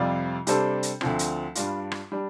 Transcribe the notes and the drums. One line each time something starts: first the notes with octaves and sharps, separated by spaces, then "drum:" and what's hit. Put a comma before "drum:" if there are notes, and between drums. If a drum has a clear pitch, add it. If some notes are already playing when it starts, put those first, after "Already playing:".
Already playing: F2 C3 G3 F4 D5
C3 G3 D4 A4 C5, drum: hi-hat
drum: hi-hat
D2 D3 F3 C4, drum: rim click
drum: hi-hat
G2 G3 D4 F4, drum: hi-hat
drum: rim click
G3 D4